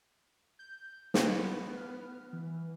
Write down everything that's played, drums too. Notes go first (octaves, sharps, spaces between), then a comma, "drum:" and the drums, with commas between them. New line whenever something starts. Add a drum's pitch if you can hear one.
G6
B3 B4, drum: snare
F6
E3